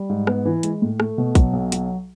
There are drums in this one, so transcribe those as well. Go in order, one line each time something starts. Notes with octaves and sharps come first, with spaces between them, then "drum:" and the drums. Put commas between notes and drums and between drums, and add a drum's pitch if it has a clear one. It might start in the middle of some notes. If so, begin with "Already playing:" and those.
Already playing: G3
G#2
B3, drum: rim click
E3
G#3, drum: hi-hat
A2
A3, drum: rim click
B2
F#3, drum: kick, hi-hat
B1
F#3, drum: hi-hat